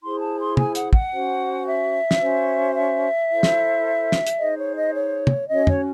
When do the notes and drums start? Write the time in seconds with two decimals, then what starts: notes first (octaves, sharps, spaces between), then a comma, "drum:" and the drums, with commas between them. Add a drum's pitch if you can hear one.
0.02 E4 G#4 C5 C6
0.20 A5
0.39 C6
0.57 G#5, drum: tom
0.75 F#5, drum: hi-hat
0.93 F#5, drum: kick
1.11 C#4 F#4 C5
1.66 E5
2.11 drum: snare
2.21 C#4 F#4 C5
2.75 E5
3.30 E4 A4 C5
3.43 drum: snare
4.12 drum: snare
4.27 drum: hi-hat
4.39 D#4 G#4 C5 D#5
4.58 C#5
4.76 D#5
4.94 C#5
5.27 drum: tom
5.49 C#4 F#4 C#5 D#5
5.67 C#5, drum: tom